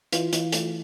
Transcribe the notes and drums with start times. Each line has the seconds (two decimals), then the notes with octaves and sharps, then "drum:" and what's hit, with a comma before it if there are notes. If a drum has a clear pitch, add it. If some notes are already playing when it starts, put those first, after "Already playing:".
0.12 E3 F4, drum: hi-hat
0.33 E3, drum: hi-hat
0.52 A3, drum: hi-hat